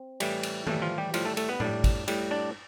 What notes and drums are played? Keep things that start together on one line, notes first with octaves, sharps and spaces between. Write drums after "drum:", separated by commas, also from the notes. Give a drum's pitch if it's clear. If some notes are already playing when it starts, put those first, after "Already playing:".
Already playing: C4
A2 E3 G3, drum: cymbal
drum: cymbal
A2 E3 G3 A3 A4, drum: tom D#3
F3 F4
G3 G4
A2 F3 G3 F4, drum: cymbal
A3 A4
A3 A4, drum: cymbal
B3 B4
A2 G3 D4 D5, drum: tom A2
drum: kick, cymbal
A2 G3, drum: cymbal
D4 D5